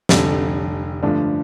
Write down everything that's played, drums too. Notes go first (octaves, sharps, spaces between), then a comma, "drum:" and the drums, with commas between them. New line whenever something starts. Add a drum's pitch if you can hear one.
F1 F2 D3 G3, drum: snare
G2 D3 F3 A3 D4